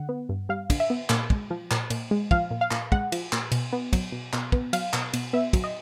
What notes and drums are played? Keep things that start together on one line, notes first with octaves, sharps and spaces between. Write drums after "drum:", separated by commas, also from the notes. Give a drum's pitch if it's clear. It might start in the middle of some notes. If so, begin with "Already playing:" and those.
Already playing: D3 F#5
B3
G2
G3 F5
D3, drum: kick, cymbal
E5
B3
A#2, drum: clap
G#3, drum: kick
F3
A#2, drum: clap
A#2, drum: cymbal
G#3
F3 F5, drum: kick
A#2
F5
A#2, drum: clap
G#3 F#5, drum: kick
F3, drum: cymbal
A#2, drum: clap
B2, drum: cymbal
B3
F#3, drum: kick, cymbal
B2
B2, drum: clap
B3, drum: kick
F#3 F5, drum: cymbal
B2, drum: clap
B2, drum: cymbal
B3 E5
F#3, drum: kick, cymbal
D#5